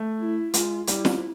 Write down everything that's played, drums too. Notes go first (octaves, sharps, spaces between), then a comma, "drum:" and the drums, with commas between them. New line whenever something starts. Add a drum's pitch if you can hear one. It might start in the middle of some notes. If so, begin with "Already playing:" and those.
Already playing: A3
E4
G#3 F4, drum: hi-hat
G3 E4, drum: hi-hat
drum: snare